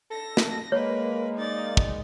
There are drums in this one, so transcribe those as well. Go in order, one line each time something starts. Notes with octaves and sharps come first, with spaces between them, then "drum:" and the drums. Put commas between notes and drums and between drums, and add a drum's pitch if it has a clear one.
A4 A#6
drum: snare
G#3 A#3 A#4 B4 C#5
D#4 D5 A6
drum: kick